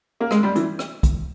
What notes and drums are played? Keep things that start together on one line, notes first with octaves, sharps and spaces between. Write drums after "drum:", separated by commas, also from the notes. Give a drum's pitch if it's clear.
A#3
G#3, drum: rim click
G3
E3, drum: hi-hat
drum: rim click
drum: kick, hi-hat